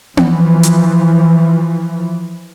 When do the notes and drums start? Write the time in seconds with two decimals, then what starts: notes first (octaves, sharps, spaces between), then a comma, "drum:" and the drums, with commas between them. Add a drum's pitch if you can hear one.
0.17 E3 F3, drum: tom B3
0.63 drum: hi-hat